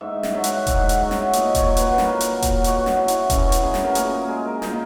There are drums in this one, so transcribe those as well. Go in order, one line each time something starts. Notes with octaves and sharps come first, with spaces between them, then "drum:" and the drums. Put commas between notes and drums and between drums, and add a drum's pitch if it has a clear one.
G#2 E5
drum: snare
F#3 E5
F#5, drum: hi-hat
E5
G#2 F#5, drum: kick E1, hi-hat
drum: hi-hat
F#3 E5
drum: snare
A#2 D#5, drum: hi-hat
C#5, drum: kick E1, hi-hat
F#3
B4, drum: hi-hat
A#2 A#4, drum: snare
drum: hi-hat
F#3
drum: kick E1, hi-hat
B2 F#4, drum: hi-hat
drum: snare
F#3 E4
drum: hi-hat
B2 C#4, drum: kick E1, hi-hat
drum: hi-hat
F#3 G#4
drum: snare
A#4
A#2 G#4, drum: hi-hat
A#4
G#3 G#4
A#4
A#2 D#4, drum: snare